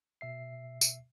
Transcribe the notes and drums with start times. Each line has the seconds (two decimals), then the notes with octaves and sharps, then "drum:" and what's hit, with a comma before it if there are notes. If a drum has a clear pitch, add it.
0.21 B2 E5 C7
0.81 drum: tambourine